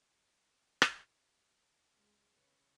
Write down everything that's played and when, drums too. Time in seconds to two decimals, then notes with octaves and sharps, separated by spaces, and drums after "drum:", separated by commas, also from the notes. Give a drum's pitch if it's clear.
0.82 drum: rim click
1.93 C#2 G#3 F6
2.36 C#3 B4 C#5 C#7